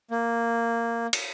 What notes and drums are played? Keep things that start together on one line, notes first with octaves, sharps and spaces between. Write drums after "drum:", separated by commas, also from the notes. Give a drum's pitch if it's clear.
A#3
drum: cymbal